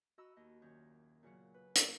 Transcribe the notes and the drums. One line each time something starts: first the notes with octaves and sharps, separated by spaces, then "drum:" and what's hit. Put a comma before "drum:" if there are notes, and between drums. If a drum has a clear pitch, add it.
F#4 D#5 A#5 B5 E6
D#2 D#5
F#2 A#2 D#3 C#5 G6
A#2 C#3 F#3 F#5
B4
C#6, drum: hi-hat